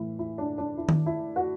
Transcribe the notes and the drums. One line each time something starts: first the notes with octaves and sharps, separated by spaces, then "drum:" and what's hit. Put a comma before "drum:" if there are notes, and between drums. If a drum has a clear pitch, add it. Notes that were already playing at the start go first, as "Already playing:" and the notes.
Already playing: A2 E3 E4
E4
D4
D4
E4
drum: tom D#3
E4
F#4